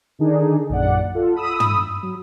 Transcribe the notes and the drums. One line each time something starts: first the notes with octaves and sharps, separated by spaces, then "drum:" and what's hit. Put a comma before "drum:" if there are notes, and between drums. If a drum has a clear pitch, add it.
D3 D#3 D4 D#4 G#4
A#1 F#2 D5 F#5
F4 A4
B5 D#6 E6
drum: tom
F#3